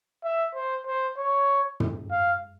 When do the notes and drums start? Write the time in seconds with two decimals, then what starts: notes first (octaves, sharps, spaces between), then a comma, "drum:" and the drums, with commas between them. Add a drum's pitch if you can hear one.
0.24 E5
0.54 C5
0.86 C5
1.17 C#5
1.80 drum: tom
2.11 F5